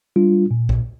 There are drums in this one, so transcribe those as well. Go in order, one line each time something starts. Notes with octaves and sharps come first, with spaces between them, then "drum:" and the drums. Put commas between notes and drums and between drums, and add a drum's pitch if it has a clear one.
G3 D4 F4
A#2
drum: kick A#1